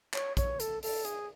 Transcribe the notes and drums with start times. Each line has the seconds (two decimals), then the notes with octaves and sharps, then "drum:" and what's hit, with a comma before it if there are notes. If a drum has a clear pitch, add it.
0.14 C#5, drum: clap
0.37 C#5, drum: kick, hi-hat
0.60 A4, drum: hi-hat
0.83 A4, drum: open hi-hat
1.05 G#4, drum: hi-hat